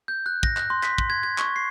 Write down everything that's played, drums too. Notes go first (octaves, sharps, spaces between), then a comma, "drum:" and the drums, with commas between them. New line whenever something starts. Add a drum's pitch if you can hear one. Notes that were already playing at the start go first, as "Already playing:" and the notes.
G6
F#6
A#6, drum: kick
F#6, drum: clap
C6
B6, drum: clap
C6, drum: kick
G#6
G#6
C#6, drum: clap
C7